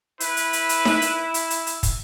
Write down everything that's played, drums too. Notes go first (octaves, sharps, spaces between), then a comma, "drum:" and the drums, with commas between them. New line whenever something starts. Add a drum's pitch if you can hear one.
E4 B4, drum: hi-hat
drum: hi-hat
drum: hi-hat
drum: hi-hat
drum: snare D#4
drum: hi-hat
drum: hi-hat
drum: hi-hat
drum: hi-hat
drum: kick, hi-hat